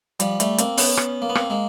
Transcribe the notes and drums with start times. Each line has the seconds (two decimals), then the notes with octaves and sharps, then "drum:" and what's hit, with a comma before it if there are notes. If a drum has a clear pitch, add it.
0.20 F3 G3, drum: hi-hat
0.40 G3 A3, drum: hi-hat
0.58 A#3 C4, drum: hi-hat
0.77 B3 C#4, drum: open hi-hat
0.97 drum: rim click
1.22 A#3
1.29 B3
1.35 A#3 C4, drum: rim click
1.50 G#3 A#3